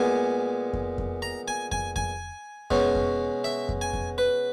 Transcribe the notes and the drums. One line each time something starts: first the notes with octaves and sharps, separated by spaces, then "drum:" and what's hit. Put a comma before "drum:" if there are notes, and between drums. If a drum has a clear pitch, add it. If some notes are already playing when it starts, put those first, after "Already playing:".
Already playing: A#2 G#3 B3 G#5
drum: kick F2
drum: kick F2
A#5
G#5
G#5, drum: kick F2
G#5, drum: kick F2
B2 G#3 C#4, drum: kick F2
drum: kick F2
E5
drum: kick F2
G#5
drum: kick F2
B4